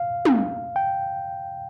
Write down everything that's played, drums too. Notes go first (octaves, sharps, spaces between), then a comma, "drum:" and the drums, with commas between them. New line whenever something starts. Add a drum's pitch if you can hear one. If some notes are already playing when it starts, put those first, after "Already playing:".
Already playing: F5
drum: tom
G5